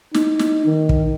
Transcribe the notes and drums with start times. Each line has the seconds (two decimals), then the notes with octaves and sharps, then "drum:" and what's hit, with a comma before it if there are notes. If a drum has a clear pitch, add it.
0.14 D#4, drum: snare
0.39 drum: snare
0.66 D#3
0.89 drum: kick